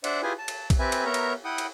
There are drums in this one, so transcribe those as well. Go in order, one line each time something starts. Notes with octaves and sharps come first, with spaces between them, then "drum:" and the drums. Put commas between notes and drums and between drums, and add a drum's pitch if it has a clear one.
D4 C5 D5 E5 F#5, drum: cymbal
E4 F4 G4 G#4 B4 G#5
A5
drum: cymbal
drum: kick A#1, cymbal
C4 G4 B4 E5 G#5
drum: cymbal
B3 A#4 C#5 E5 A#5
drum: cymbal
E4 F#5 G5 D#6
drum: cymbal